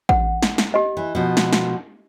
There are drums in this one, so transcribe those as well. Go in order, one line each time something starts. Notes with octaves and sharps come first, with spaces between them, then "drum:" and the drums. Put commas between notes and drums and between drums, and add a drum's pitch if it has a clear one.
F#5, drum: kick A1
drum: snare
drum: snare
G4 D#5
E3
B2 F3
drum: snare
drum: snare